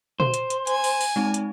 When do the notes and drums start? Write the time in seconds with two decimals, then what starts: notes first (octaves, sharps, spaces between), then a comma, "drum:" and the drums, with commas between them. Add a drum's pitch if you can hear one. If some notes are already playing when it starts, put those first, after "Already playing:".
0.20 C5, drum: tom A#2
0.34 drum: hi-hat
0.50 drum: hi-hat
0.67 G#5, drum: hi-hat
0.84 drum: open hi-hat
1.01 drum: open hi-hat
1.16 G#3 C4 D#4
1.34 drum: hi-hat